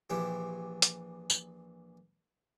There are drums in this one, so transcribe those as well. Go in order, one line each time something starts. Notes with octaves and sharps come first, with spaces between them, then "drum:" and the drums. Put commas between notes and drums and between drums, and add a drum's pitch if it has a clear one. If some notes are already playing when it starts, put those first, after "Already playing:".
A#1 E3 G4
drum: hi-hat
drum: tambourine